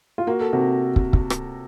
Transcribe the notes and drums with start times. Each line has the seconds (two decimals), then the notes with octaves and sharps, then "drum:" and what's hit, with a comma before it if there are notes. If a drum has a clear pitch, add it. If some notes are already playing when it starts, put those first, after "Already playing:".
0.18 F4
0.27 A#3 F#4
0.40 A4
0.53 C3 F#4
0.96 drum: kick
1.13 drum: kick
1.30 drum: rim click